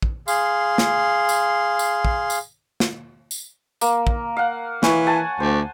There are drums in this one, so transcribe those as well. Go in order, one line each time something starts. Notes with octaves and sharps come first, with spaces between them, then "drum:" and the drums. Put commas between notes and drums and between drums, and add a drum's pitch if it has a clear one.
drum: kick
G#4 F5 C6, drum: tambourine
drum: snare
drum: tambourine
drum: tambourine
drum: kick
drum: tambourine
drum: snare
drum: tambourine
A#3, drum: tambourine
drum: kick
F5 F#5
E3 C#5, drum: snare
F#5 G#5 A5
D2 C5